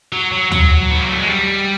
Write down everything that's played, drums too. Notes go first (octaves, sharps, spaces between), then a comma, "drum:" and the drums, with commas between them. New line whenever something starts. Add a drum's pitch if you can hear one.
F#3
F#3
F#3, drum: tom D2
B3
A#3
A3
G#3
G3